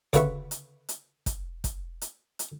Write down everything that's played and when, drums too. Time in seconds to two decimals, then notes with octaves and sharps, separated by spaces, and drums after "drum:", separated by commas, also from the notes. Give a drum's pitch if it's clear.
0.13 D2 C#3 F#4 B4 E5 C#6, drum: kick, hi-hat
0.51 drum: hi-hat
0.89 drum: hi-hat
1.26 drum: kick, hi-hat
1.64 drum: kick, hi-hat
2.01 drum: hi-hat
2.39 drum: hi-hat